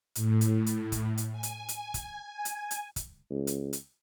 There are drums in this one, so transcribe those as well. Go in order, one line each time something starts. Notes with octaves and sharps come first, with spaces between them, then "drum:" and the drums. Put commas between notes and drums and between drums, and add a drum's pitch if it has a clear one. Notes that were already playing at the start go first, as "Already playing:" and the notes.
A2, drum: hi-hat
drum: hi-hat
drum: hi-hat
drum: kick, hi-hat
drum: hi-hat
G#5
drum: hi-hat
drum: hi-hat
drum: kick, hi-hat
drum: hi-hat
drum: hi-hat
drum: kick, hi-hat
C#2
drum: hi-hat
drum: hi-hat